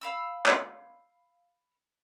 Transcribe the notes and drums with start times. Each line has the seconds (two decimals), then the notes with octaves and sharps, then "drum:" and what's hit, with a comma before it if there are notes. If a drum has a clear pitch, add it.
0.01 F5 B5 E6
0.46 drum: clap